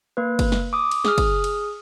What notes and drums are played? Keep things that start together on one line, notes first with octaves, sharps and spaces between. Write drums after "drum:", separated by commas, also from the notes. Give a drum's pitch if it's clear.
A#3 B4
drum: kick, cymbal
drum: snare
D6 D#6
drum: cymbal
G#4 D#6 F6, drum: snare
drum: kick, cymbal
drum: cymbal